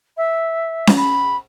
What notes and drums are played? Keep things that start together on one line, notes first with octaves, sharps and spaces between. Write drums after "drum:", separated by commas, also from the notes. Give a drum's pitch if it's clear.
E5
drum: snare C#4
B5